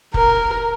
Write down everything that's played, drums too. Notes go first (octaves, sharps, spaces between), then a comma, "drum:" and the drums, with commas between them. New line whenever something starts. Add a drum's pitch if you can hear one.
A#4, drum: kick